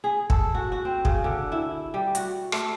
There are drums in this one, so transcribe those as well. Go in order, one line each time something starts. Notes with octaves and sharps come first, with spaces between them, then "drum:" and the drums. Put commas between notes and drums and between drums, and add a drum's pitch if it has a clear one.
G#4
A4, drum: kick
F#4
F#4
C4
C#3, drum: kick
D3
E4
G3
F#4, drum: hi-hat
A3, drum: rim click